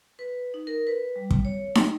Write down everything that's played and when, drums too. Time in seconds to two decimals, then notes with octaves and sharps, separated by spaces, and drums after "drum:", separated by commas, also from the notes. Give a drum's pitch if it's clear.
0.19 B4
0.54 D#4
0.67 A#4
0.87 B4
1.16 G3
1.31 drum: kick
1.45 C#5
1.75 D#4, drum: snare